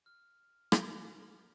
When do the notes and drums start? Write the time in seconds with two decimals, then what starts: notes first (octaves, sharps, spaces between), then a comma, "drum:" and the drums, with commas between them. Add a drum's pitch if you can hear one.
0.06 F6
0.72 drum: rim click